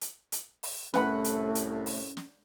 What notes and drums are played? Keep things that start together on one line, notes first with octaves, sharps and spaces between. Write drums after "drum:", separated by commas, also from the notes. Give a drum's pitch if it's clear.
drum: hi-hat
drum: hi-hat
drum: open hi-hat
C2 A2 A3 C#4 B4 F#5 B5, drum: snare
drum: hi-hat
drum: hi-hat
drum: open hi-hat
drum: snare